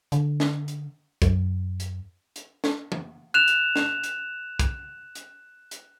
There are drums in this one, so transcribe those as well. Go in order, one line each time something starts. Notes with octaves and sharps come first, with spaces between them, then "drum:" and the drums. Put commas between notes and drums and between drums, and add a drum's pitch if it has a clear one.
D3, drum: hi-hat
drum: snare
drum: hi-hat
F#2, drum: kick, hi-hat
drum: hi-hat
drum: hi-hat
drum: snare
drum: tom
F#6 E7 F7
drum: hi-hat
drum: snare
drum: hi-hat
drum: kick, hi-hat
drum: hi-hat
drum: hi-hat